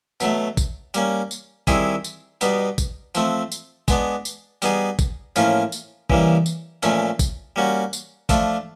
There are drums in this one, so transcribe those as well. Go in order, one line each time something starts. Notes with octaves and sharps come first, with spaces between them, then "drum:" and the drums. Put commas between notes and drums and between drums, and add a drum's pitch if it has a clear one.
B2 F#3 A3, drum: tambourine
drum: kick G#1, tambourine
G3 A#3 C#4, drum: tambourine
drum: tambourine
D#3 G3 C4 E4 G#4, drum: kick G#1, tambourine
drum: tambourine
B2 G3 B3 D#4, drum: tambourine
drum: kick G#1, tambourine
F3 A3 C4, drum: tambourine
drum: tambourine
G#3 B3 D4, drum: kick G#1, tambourine
drum: tambourine
G3 B3 D#4 G#4, drum: tambourine
drum: kick G#1, tambourine
A2 F3 A#3 C#4 F4, drum: tambourine
drum: tambourine
C#3 E3 G3 A#3, drum: kick G#1
drum: tambourine
A#2 F3 A3 C#4, drum: tambourine
drum: kick G#1, tambourine
G3 A#3 C#4 F#4
drum: tambourine
F3 A3 D4 F4, drum: kick G#1, tambourine